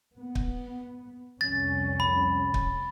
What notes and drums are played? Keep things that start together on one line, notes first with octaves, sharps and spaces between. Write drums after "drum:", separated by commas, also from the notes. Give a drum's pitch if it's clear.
B3
drum: kick
C2 F2 C#4 A6
B5
drum: kick